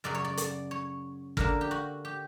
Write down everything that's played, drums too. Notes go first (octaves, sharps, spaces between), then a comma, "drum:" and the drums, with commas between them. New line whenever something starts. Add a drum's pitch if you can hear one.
F#2 C#3 F#3 D5
C#5
D5
D5, drum: hi-hat
C#5
D3 A#3 D4 A#4, drum: kick
G4
F#4
G4